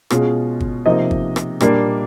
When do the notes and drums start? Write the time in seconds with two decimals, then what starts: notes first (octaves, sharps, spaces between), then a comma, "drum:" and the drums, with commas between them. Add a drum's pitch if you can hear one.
0.10 B2 G#3 C#4 F4, drum: rim click
0.60 drum: kick G1
0.86 C3 F3 A#3 D#4 D#5
1.11 drum: kick G1
1.36 drum: rim click
1.61 A#2 G3 A#3 D4, drum: rim click